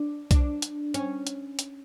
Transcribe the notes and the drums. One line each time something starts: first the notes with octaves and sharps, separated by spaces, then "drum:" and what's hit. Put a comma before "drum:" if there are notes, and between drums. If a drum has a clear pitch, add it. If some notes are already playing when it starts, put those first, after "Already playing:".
Already playing: D4
D4, drum: kick B1, hi-hat
drum: hi-hat
C#4, drum: hi-hat
drum: hi-hat
drum: hi-hat